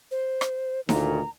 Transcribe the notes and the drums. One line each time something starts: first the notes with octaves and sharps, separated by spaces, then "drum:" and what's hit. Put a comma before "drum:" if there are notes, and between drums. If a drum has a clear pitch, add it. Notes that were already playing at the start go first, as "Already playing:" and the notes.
C5
drum: rim click
D2 A#2 D#3 A#5, drum: snare D#4